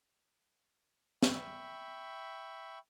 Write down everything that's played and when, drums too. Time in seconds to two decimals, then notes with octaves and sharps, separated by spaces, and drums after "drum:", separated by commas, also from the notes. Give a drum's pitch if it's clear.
1.23 E5 G5 B5 C#6, drum: snare